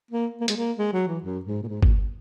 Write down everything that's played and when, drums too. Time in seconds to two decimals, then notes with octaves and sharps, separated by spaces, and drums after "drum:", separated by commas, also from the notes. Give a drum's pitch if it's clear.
0.11 A#3
0.41 A#3
0.48 G#3, drum: hi-hat
0.56 A#3
0.78 G#3
0.93 F#3
1.08 E3
1.23 F#2
1.45 G#2
1.63 A#2
1.68 G#2
1.83 A#2, drum: kick G1